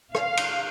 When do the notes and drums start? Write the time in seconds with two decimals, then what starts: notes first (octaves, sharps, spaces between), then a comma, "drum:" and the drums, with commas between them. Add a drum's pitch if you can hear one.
0.15 F5, drum: rim click
0.37 drum: cymbal